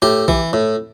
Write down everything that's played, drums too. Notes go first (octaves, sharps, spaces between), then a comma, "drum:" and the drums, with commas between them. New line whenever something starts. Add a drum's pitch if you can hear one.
A2 G4
E3, drum: kick A#1
A2